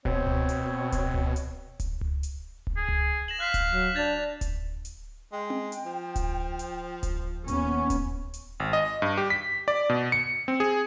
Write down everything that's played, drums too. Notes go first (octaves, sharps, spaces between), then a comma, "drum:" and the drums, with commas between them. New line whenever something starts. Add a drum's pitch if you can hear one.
B2 C4 C#5, drum: kick D1
drum: tom C#2
drum: hi-hat
drum: kick D1, hi-hat
drum: tom C#2
drum: hi-hat
drum: kick D1, hi-hat
drum: tom C#2
drum: hi-hat
drum: kick D1
G#4
drum: tom C#2
A#6 E7 F#7
F5 F#6 B6 F#7
drum: kick D1, hi-hat
F#3
D4 G6 A6 F7
drum: kick D1, hi-hat
drum: hi-hat
G#3 G5
drum: tom C4
drum: hi-hat
F3
drum: kick D1, hi-hat
drum: hi-hat
drum: kick D1, hi-hat
D#2 B3 C#4 C#6, drum: hi-hat
drum: kick D1, hi-hat
drum: hi-hat
G#1
D#5
G2
G4
B6
D5
B2
C#7
C4
G#4